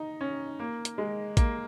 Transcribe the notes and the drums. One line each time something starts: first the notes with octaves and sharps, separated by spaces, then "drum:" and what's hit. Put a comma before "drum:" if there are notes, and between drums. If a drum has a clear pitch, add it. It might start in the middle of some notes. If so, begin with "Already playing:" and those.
Already playing: D#4
C#4
A#3
drum: hi-hat
G#3
A#3, drum: kick A1, hi-hat